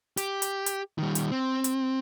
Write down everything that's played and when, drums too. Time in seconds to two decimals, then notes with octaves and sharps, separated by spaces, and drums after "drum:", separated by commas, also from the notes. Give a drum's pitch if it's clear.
0.17 G4, drum: hi-hat
0.42 drum: hi-hat
0.66 drum: hi-hat
0.98 D#3 G3
1.15 drum: hi-hat
1.31 C4
1.64 drum: hi-hat